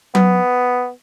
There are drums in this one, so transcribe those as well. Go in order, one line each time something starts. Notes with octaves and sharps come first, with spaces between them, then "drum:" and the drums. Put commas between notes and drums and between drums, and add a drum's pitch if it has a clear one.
B3, drum: tom F#3